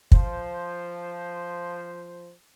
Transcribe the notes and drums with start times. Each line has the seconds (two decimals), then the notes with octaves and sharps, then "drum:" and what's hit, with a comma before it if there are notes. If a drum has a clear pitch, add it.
0.12 F3 C5, drum: kick